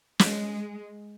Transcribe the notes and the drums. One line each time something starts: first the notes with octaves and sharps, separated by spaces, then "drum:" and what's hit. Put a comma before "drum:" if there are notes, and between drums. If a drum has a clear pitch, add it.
G#3, drum: snare